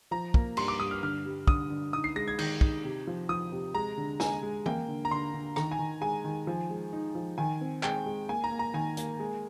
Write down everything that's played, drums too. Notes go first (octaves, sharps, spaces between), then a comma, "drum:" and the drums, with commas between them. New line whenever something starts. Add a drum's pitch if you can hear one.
F3 A#5
A#3, drum: kick
G2 C6, drum: cymbal
D6
G2 D#6
F6
D3 F6
G3
D3 D#6, drum: kick
D3
D#4 D#6
C7
G#3 A#6
G#6
D#3 G6, drum: cymbal
D#4, drum: kick
C3
F3
F3 D#6
C3
G#3 A#5
D3
G#3 G#5, drum: snare
G#3
A#3 G5, drum: tom E3
D3
A#5
D3 C6
D3
D#3 A#5, drum: rim click
G#5
D#3
G#3 G#5
D#3
F3
G#3
D#4
F3
D#3 G#5
C4
G#3 G5, drum: clap
G#3
A#3 G#5
A#5
A#3
A#5
D#3 G#5
A#3, drum: hi-hat
G#3